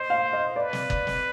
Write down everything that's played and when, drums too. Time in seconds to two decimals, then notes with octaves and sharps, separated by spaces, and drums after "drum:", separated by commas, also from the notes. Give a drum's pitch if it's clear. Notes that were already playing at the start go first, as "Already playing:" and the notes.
Already playing: C5 D#5
0.10 F5
0.33 D#5
0.56 B4 D5
0.73 drum: snare
0.90 drum: kick F#1
1.07 drum: snare